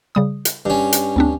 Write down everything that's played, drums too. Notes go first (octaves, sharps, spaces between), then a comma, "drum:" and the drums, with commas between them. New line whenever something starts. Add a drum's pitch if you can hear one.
C#3 G3 D#6
drum: hi-hat
G2 C#4
drum: hi-hat
D2 C4 D4